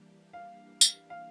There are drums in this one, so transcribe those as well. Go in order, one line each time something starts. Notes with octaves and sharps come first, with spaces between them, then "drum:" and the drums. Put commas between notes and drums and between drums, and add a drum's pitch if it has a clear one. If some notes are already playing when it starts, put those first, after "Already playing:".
Already playing: E3 G3 A#3 D4 G4
F5
drum: tambourine
F5